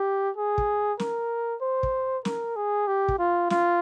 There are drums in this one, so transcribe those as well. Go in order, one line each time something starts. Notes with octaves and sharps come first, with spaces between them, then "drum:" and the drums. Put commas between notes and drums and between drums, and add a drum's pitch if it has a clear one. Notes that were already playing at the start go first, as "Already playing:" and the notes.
Already playing: G4
G#4
drum: kick
A#4, drum: snare
C5
drum: kick
A#4, drum: snare
G#4
G4
drum: kick
F4
F4, drum: snare